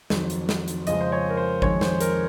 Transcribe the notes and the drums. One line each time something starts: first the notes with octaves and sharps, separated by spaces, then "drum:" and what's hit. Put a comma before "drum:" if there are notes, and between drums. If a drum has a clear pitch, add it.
F2 D#3 F#3, drum: snare
drum: hi-hat
drum: snare
drum: hi-hat
F2 C#3 F3 G#3 D#5, drum: hi-hat
C5
C#5
A#4
C5
F2 D#3 G#3 C#5, drum: kick G#1
C5, drum: snare
A#4, drum: hi-hat